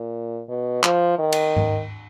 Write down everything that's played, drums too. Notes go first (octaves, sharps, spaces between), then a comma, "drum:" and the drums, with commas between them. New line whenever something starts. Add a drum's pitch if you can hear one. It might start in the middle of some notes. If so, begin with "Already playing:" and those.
Already playing: A#2
B2
F3, drum: clap
D#3
drum: cymbal
drum: tom G#2